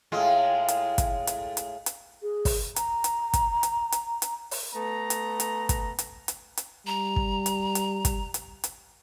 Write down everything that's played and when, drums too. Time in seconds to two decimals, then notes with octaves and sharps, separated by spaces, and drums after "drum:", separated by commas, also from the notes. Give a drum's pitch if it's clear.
0.12 A2 G#3 F4
0.68 drum: hi-hat
0.98 drum: kick, hi-hat
1.27 drum: hi-hat
1.57 drum: hi-hat
1.86 drum: hi-hat
2.22 G#4
2.45 drum: kick, open hi-hat
2.76 A#5, drum: hi-hat
3.04 drum: hi-hat
3.34 drum: kick, hi-hat
3.63 drum: hi-hat
3.92 drum: hi-hat
4.22 drum: hi-hat
4.51 drum: open hi-hat
4.74 A3 B3 A#5
5.10 drum: hi-hat
5.40 drum: hi-hat
5.69 drum: kick, hi-hat
5.99 drum: hi-hat
6.28 drum: hi-hat
6.57 drum: hi-hat
6.87 G3 A#5
7.16 drum: kick
7.46 drum: hi-hat
7.75 drum: hi-hat
8.05 drum: kick, hi-hat
8.34 drum: hi-hat
8.64 drum: hi-hat